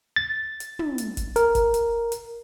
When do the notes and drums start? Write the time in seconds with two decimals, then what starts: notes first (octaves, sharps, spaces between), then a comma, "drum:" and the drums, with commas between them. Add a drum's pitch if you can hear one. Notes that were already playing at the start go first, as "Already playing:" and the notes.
0.16 A6
0.60 drum: hi-hat
0.79 drum: tom
0.98 drum: hi-hat
1.17 drum: kick F#1, hi-hat
1.36 A#4, drum: hi-hat
1.55 drum: kick F#1, hi-hat
1.74 drum: hi-hat
2.12 drum: hi-hat